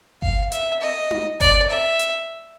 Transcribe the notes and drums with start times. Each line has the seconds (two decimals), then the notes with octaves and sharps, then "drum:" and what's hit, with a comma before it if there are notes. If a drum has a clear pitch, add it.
0.22 F5, drum: kick G1
0.52 E5, drum: hi-hat
0.81 D#5
1.11 drum: tom D#4
1.40 D5, drum: kick G1, open hi-hat
1.70 E5
1.99 drum: hi-hat